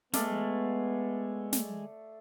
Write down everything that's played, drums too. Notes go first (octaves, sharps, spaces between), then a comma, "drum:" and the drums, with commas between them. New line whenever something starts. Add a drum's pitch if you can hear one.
G#3 A3 B3 D5 F5, drum: snare
drum: snare